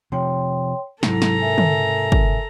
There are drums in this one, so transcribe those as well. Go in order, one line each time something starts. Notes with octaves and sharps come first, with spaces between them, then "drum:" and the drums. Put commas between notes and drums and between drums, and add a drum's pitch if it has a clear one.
C3 F3 C#5 G5 C6
G#2 C3 F#3 E4 A4 A#5, drum: snare
drum: snare
A#4 E5 G#5
drum: tom
drum: kick